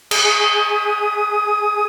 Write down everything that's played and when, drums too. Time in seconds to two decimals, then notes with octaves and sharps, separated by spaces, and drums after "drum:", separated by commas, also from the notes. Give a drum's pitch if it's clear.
0.11 G#4 D#6, drum: cymbal